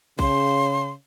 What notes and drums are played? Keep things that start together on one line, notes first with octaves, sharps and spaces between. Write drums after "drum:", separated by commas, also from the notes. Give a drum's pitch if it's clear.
C#3 C6, drum: kick B1